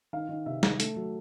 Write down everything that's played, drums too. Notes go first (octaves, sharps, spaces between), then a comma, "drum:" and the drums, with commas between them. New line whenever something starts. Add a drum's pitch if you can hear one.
D#3 F5
D#3
C3 E5
D#3, drum: snare
A3, drum: hi-hat
F#3